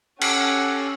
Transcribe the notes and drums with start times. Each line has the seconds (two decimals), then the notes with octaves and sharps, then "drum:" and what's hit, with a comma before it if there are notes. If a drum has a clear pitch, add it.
0.22 C#4 G4 A4 F#5 G#5 C#6, drum: cymbal